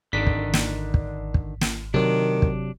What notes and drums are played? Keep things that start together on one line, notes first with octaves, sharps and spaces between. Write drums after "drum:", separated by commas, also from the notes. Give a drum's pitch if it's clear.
G#1 D3 D#3 D4 B6
drum: kick
drum: snare
drum: kick
drum: kick
drum: snare
C3 D#3 F#3 D4
drum: kick